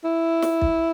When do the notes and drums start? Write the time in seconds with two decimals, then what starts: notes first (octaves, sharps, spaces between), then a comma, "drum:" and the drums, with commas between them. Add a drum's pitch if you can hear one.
0.04 E4
0.42 drum: snare
0.62 drum: kick